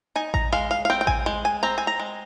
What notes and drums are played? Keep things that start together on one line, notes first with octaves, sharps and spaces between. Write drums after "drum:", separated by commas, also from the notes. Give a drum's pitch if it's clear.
D#4 G#5
A#5, drum: kick A1
G#3 F5
F5
F5
C4 G5
G5
G#5, drum: kick A1
G#3
G#5
C4 A#5
G#5
A#5
G#3